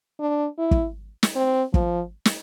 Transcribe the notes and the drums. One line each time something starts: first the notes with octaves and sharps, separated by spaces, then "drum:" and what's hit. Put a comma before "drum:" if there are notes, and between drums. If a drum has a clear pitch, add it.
D4
E4
drum: kick
drum: snare
C4
F3, drum: kick
drum: snare